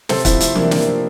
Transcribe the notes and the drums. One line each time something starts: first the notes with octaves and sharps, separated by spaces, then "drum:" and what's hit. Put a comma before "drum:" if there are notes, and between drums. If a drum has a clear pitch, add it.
C3 A4 C5, drum: snare
F3 C4 E4, drum: kick, hi-hat
A3 C4, drum: hi-hat
C3 A#3 D4, drum: tom E3
C3 A#3 D4, drum: snare
F3